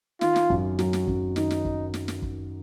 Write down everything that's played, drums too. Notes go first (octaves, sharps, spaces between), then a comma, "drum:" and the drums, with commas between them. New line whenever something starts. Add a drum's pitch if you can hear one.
D#3 F4, drum: snare
drum: snare
F#2, drum: kick
F#3, drum: snare
drum: snare
F#2, drum: kick
D#3 D#4, drum: snare
drum: snare
drum: kick
drum: snare
drum: snare
drum: kick